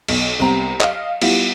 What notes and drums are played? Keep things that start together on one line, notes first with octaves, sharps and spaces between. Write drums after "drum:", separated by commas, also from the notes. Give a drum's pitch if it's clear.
B1, drum: cymbal
C2 G3 B3 C4 A#5
D#5 F5, drum: clap
G3 B3 E4 F4, drum: cymbal